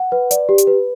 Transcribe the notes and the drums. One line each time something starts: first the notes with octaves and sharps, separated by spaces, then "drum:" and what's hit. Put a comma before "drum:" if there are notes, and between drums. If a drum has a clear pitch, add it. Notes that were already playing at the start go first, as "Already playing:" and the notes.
Already playing: F#5
B4
D5, drum: hi-hat
G4
drum: hi-hat
B4